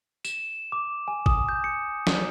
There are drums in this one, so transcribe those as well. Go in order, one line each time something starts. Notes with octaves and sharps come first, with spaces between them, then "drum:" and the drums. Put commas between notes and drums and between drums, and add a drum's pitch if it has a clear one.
E7, drum: tambourine
D6
G#5
D#6, drum: kick G#1
G6
C#7
drum: snare